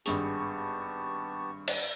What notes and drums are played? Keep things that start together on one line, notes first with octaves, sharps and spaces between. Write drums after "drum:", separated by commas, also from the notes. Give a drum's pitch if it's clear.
G#1 G2 B3 G4 G#4 A5 C#6, drum: hi-hat
drum: cymbal